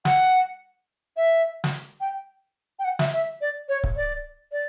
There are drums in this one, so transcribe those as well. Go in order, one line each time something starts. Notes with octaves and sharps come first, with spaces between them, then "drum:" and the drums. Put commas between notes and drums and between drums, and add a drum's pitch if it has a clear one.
F#5, drum: snare
E5
drum: snare
G5
G5
F#5
E5, drum: snare
E5
D5
C#5
drum: kick C#1
D5
D5